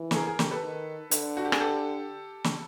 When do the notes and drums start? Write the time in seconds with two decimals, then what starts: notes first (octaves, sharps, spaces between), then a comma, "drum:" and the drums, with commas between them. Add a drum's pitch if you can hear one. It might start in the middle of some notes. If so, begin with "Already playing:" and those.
Already playing: E3
0.11 A4, drum: snare
0.15 G#4 A#4
0.27 G#4 A#4
0.39 G4 A4, drum: snare
0.51 A4 B4
0.64 D#3
1.11 D3, drum: hi-hat
1.37 F#4
1.45 G4
1.52 G#4, drum: rim click
1.60 G4 A4
2.44 drum: snare